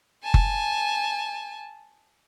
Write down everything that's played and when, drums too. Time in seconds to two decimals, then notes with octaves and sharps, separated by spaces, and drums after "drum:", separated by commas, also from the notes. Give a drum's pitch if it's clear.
0.23 G#5 A5
0.34 drum: kick F#1